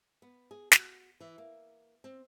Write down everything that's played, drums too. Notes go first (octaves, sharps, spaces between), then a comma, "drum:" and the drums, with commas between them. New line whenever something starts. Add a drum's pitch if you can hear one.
B3
G#4
F#4, drum: snare
E3
A#3
C4